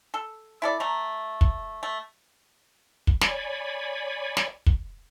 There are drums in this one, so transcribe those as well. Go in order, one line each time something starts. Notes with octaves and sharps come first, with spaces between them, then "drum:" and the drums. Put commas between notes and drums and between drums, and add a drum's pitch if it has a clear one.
A4
E4 A4 D5
A3 A#5
drum: kick
A3
drum: kick
C#5 D5 G#5 B5, drum: snare
drum: snare
drum: kick